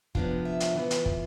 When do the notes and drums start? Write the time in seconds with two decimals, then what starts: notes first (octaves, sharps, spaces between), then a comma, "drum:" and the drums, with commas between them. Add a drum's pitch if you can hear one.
0.15 C3 F3 B3 D4 F4, drum: kick
0.45 E5
0.60 drum: hi-hat
0.75 E3 B3 F4
0.91 drum: hi-hat
1.06 drum: kick